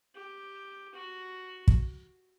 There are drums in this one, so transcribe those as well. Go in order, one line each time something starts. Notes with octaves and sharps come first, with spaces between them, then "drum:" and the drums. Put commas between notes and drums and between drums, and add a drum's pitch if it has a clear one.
G4
F#4
drum: kick